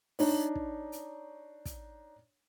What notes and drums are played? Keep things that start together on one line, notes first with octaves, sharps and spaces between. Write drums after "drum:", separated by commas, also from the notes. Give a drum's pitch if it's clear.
D4 D#4 C#5, drum: open hi-hat
drum: kick
drum: hi-hat
drum: kick, hi-hat